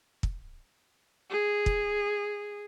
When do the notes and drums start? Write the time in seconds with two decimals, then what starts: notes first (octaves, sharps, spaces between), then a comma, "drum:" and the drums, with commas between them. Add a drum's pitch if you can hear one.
0.23 drum: kick
1.30 G#4
1.66 drum: kick